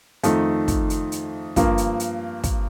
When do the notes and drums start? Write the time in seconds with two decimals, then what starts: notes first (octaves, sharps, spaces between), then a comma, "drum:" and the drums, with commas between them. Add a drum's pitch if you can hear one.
0.23 F2 D#3 A3 D#4, drum: hi-hat
0.68 drum: kick, hi-hat
0.90 drum: hi-hat
1.12 drum: hi-hat
1.56 G2 F3 A#3, drum: kick, hi-hat
1.78 drum: hi-hat
2.00 drum: hi-hat
2.44 drum: kick, hi-hat